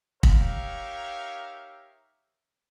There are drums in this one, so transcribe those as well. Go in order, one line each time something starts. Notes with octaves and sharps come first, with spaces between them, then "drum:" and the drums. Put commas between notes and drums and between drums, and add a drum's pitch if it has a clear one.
D#4 G4 A#4 C#5 E5 F5, drum: kick